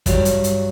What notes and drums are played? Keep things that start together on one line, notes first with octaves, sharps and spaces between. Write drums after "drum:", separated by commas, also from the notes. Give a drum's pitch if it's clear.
G2 F#3 G3, drum: kick, hi-hat
drum: hi-hat
drum: hi-hat